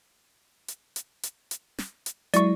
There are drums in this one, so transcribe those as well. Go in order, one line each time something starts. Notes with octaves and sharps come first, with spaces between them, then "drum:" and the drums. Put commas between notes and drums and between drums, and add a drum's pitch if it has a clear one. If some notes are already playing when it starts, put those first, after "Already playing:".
drum: hi-hat
drum: hi-hat
drum: hi-hat
drum: hi-hat
drum: snare
drum: hi-hat
F#3 G#3 E4 D5 C#6, drum: hi-hat